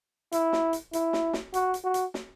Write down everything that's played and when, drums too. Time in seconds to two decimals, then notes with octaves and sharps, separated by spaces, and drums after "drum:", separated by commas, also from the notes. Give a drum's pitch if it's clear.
0.32 E4, drum: hi-hat
0.53 drum: snare
0.73 drum: hi-hat
0.93 E4, drum: hi-hat
1.13 drum: snare
1.33 drum: snare
1.54 F#4, drum: hi-hat
1.74 drum: hi-hat
1.84 F#4
1.94 drum: hi-hat
2.14 drum: snare